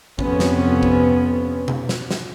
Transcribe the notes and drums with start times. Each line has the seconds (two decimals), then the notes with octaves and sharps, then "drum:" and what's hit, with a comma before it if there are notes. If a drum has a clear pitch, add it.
0.19 F2 C3 B3 C#4, drum: kick
0.40 drum: snare
0.83 drum: kick
1.68 drum: tom B2
1.89 drum: snare
2.11 drum: snare